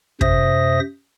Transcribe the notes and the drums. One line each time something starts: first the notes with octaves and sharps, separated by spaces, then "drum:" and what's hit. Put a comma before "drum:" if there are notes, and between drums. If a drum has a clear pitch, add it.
F#2 C3 C5 E5 D#6 A#6, drum: kick